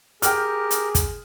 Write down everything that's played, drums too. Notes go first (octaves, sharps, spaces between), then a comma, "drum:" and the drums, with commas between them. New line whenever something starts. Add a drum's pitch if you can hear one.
G4 G#4 A#4 G5 F6, drum: hi-hat
drum: hi-hat
drum: kick, hi-hat